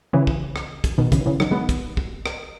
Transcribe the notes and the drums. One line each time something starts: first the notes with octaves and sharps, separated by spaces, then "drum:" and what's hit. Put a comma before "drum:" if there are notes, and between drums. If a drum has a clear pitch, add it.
C#3 E3
drum: kick
drum: rim click
drum: kick, hi-hat
B2 D#3
C#3 E3, drum: kick, hi-hat
C#3 E3
D#3 F#3, drum: rim click
G#3 B3
drum: kick, hi-hat
drum: kick
drum: rim click